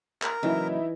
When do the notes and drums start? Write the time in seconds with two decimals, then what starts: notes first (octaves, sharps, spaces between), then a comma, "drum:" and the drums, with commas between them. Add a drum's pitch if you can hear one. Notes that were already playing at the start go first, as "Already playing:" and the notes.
0.22 A#4, drum: clap
0.43 A#2 C#3 E3 F#3 D#4 E4